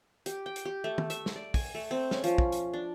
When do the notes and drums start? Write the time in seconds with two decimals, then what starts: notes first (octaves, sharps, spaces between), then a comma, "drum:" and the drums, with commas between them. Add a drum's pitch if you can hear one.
0.26 G4, drum: hi-hat
0.46 G5
0.56 drum: hi-hat
0.65 G4
0.84 A3
0.98 drum: tom
1.10 E5, drum: hi-hat
1.26 drum: snare
1.36 D5
1.54 G#5, drum: kick, open hi-hat
1.74 A3
1.91 C4
2.11 C#4, drum: snare
2.24 F3, drum: hi-hat
2.38 drum: kick
2.52 drum: hi-hat
2.74 D4